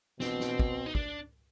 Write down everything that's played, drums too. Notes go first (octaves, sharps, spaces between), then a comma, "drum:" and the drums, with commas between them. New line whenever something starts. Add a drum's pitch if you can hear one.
B2 C4, drum: snare
drum: snare
drum: kick
D#4
D4, drum: kick